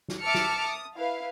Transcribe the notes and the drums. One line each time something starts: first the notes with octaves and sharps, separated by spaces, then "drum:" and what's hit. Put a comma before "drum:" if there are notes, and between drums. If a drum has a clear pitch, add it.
drum: snare
E5 A5 D6 E6 F6 C#7
drum: snare
D#6
E4 B4 F5